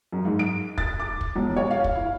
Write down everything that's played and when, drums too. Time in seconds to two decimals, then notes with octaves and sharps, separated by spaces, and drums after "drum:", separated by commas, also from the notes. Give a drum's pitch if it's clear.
0.13 F#2
0.25 G#2
0.39 D7
0.78 A6, drum: kick
1.00 D6
1.21 drum: kick
1.35 E1
1.57 C#5
1.71 F5
1.84 drum: kick
1.95 E4